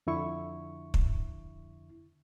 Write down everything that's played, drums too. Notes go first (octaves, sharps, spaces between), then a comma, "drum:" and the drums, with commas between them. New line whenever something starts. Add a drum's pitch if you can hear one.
F2 D3 E4 C#6
drum: kick